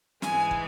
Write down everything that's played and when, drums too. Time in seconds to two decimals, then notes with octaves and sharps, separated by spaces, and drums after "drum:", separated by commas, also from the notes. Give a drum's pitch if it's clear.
0.22 G#2 E3 G#3 G#5, drum: snare
0.51 drum: kick